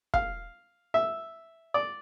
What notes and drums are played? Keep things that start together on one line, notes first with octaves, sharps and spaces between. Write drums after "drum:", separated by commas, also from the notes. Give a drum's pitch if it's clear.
F5, drum: kick
E5
D5